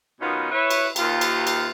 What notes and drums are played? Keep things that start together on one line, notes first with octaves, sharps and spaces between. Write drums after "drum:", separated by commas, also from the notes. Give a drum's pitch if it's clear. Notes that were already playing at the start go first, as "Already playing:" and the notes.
B2 D#3 B3 C#4 D#4 F4
E4 B4 C#5
drum: cymbal
D#2 F4, drum: cymbal
drum: cymbal
drum: cymbal